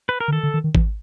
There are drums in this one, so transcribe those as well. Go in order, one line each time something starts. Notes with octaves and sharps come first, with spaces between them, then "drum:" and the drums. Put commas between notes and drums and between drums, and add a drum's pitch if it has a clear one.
B4
A#4
D3
D#3 A4
D3
D#3
D#3
E3, drum: kick G#1